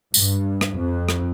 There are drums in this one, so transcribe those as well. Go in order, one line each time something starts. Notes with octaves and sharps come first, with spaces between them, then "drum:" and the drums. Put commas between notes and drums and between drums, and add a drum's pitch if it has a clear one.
G2, drum: tambourine
drum: rim click
F2
drum: rim click